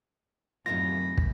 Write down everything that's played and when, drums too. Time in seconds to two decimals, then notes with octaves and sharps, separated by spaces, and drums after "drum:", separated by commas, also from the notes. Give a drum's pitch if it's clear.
0.66 F#2 A2 C3 D#3 F4 B5 A#6
1.18 drum: kick